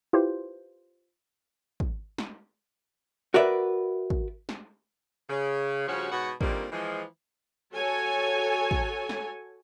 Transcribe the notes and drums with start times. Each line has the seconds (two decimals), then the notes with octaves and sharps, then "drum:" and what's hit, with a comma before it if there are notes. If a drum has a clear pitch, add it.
0.13 E4 F4 G4 B4 C5
1.80 drum: kick
2.18 drum: snare
3.34 F#4 A#4 B4 D5 E5
4.10 drum: kick
4.49 drum: snare
5.29 C#3
5.88 G2 C#3 F3 C#4 F#4
6.11 G#2 B2 B3 F#4 C#5 F#5
6.41 A#2 D3 D#3 G3 A#3 C4, drum: kick
6.72 E3 F3 G#3
7.75 F#4 A4 C#5 G#5
8.71 drum: kick
9.09 drum: snare